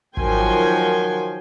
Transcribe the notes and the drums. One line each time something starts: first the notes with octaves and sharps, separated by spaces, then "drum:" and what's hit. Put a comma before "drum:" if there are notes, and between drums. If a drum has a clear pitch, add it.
D#3 F3 F#3 G5 G#5 C6, drum: kick G#1